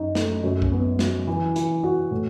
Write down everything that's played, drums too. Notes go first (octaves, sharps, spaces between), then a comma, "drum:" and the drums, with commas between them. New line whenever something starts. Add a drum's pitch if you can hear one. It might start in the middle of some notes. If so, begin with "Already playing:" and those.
Already playing: F#2 D#4
A3, drum: snare
F#2
drum: kick
B3
F#3, drum: snare
E3
E3, drum: hi-hat
F#4
A2